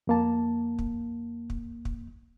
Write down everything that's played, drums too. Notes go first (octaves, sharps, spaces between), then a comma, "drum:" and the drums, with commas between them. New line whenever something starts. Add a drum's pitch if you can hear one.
F2 A#3 A5
drum: kick
drum: kick
drum: kick